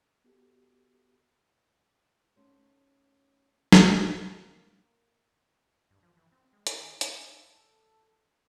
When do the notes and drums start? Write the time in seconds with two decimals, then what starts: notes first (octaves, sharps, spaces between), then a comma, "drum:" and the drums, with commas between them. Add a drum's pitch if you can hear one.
0.24 B3 F#4 G4 A4
2.36 A3 B3 C#4 D#4 C5
3.72 drum: snare
4.33 A#3 A#4
5.91 G2
6.03 F3
6.17 E3
6.32 C4
6.53 G#3
6.67 D4, drum: hi-hat
6.80 D#3
7.01 A4, drum: hi-hat